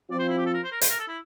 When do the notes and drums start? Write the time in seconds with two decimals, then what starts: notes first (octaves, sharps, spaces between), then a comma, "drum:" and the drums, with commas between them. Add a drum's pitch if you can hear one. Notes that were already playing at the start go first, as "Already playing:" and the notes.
0.10 F3 C4 F4 D5
0.19 C5
0.28 E4
0.38 G4
0.46 A4
0.54 A#4
0.64 C5
0.72 A#4
0.81 C5, drum: hi-hat
0.89 A#4
0.99 A4
1.08 E4